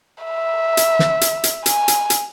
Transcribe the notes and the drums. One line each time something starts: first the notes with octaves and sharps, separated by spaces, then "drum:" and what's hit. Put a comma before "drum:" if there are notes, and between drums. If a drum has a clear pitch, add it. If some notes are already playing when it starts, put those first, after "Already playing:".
E5
drum: hi-hat
drum: snare
drum: hi-hat
drum: hi-hat
G#5, drum: hi-hat
drum: hi-hat
drum: hi-hat